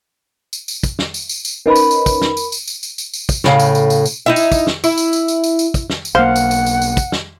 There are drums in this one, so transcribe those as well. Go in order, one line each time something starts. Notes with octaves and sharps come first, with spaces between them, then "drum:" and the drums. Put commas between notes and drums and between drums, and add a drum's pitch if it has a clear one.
drum: tambourine
drum: tambourine
drum: kick, tambourine
drum: snare
drum: tambourine
drum: tambourine
drum: tambourine
C#4 D#4 A#4 B4 B5
drum: tambourine
drum: tambourine
drum: kick, tambourine
drum: snare
drum: tambourine
drum: tambourine
drum: tambourine
drum: tambourine
drum: tambourine
drum: tambourine
drum: kick, tambourine
A2 C#3 F5, drum: snare
drum: tambourine
drum: tambourine
drum: tambourine
drum: tambourine
D#4 E4 E5
drum: tambourine
drum: kick, tambourine
drum: snare
E4, drum: tambourine
drum: tambourine
drum: tambourine
drum: tambourine
drum: tambourine
drum: tambourine
drum: kick, tambourine
drum: snare
drum: tambourine
B1 A#3 C5 F5 F#5
drum: tambourine
drum: tambourine
drum: tambourine
drum: tambourine
drum: kick, tambourine
drum: snare